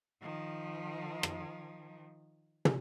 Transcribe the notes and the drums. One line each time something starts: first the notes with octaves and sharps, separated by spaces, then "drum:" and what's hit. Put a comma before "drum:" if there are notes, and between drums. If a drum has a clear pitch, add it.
D#3 F3
drum: rim click
drum: tom